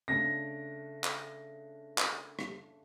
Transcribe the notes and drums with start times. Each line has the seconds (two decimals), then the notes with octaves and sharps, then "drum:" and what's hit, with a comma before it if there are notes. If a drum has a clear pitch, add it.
0.08 C#3 A3 D4 A#6
1.04 drum: clap
1.98 drum: clap
2.39 drum: rim click